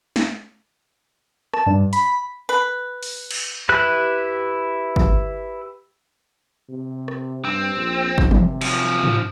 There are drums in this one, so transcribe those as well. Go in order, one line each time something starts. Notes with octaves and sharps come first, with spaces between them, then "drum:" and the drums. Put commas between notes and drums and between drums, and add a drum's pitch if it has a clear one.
drum: snare
A5, drum: rim click
G2
B5, drum: hi-hat
B4
drum: open hi-hat
drum: cymbal
E4 G4 B4 F#6
drum: kick
C3
drum: rim click
G2 C4
A#1
C3, drum: kick
drum: tom
F#2 F3, drum: cymbal
drum: tom